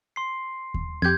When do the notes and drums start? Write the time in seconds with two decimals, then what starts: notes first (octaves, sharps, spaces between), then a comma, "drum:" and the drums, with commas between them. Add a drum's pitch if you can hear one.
0.16 C6 C7
0.74 drum: kick D#2
1.02 F2 G4 G6 G#6